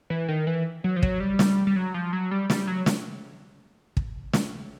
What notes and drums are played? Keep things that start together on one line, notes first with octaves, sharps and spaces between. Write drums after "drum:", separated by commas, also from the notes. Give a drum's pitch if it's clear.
E3
D#3
E3
F#3
F3
F#3, drum: kick
G3
drum: snare
G3
F#3
F3
F#3
G3
G3, drum: snare
F#3
drum: snare
drum: kick
drum: snare